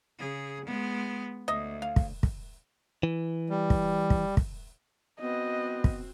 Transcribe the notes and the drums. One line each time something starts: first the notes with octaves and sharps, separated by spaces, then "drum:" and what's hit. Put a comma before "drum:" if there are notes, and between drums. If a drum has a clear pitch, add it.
C#3 G#4
G#3 B3
D2 D#5 E5
F5
drum: kick
drum: kick
E3
G3
drum: kick
drum: kick
drum: kick
B3 C4 F#4 D#5
drum: kick